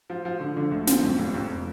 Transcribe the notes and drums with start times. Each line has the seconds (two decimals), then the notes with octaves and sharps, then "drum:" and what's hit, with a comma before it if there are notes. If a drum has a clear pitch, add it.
0.10 F3
0.25 F3
0.40 D3
0.57 D3
0.71 D2
0.87 F3, drum: snare
1.03 F2
1.19 F1
1.34 F2